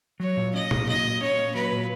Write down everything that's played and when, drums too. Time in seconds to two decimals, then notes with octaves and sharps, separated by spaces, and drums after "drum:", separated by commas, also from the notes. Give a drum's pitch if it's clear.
0.20 F#3 C#5
0.37 A#2
0.54 C#4 D#5
0.71 A#3, drum: tom B2
0.87 F#3 D#5
1.05 A#2
1.21 C#4 C#5
1.37 A#3
1.54 F#3 B4
1.72 A#2